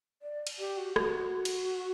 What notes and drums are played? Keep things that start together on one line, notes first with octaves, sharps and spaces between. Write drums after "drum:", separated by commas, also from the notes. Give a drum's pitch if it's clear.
D5
drum: cymbal
G4
F#4
F#4, drum: rim click
drum: cymbal